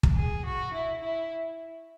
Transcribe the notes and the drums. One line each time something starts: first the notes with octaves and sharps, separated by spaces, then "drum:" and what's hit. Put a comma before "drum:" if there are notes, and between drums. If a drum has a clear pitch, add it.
drum: kick
G#4
F#4
E4
E4